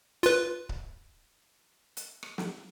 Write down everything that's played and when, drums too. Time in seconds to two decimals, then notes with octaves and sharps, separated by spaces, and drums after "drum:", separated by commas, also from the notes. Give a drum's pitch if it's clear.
0.23 F4 B4, drum: hi-hat
0.69 drum: kick C#1
1.97 drum: hi-hat
2.23 drum: rim click
2.38 drum: snare